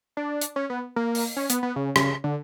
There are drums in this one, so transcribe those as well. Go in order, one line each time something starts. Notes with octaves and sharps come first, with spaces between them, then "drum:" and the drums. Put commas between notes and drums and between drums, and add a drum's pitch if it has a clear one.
D4
drum: hi-hat
C#4
B3
A#3
drum: open hi-hat
C#4
B3, drum: hi-hat
B3
C#3
C#3, drum: rim click
D3